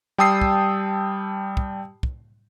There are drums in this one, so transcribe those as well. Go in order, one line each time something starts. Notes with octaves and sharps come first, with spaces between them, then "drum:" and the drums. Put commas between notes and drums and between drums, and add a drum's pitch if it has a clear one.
G3 G5 A5 D#6 E6 C7
drum: kick
drum: kick
drum: kick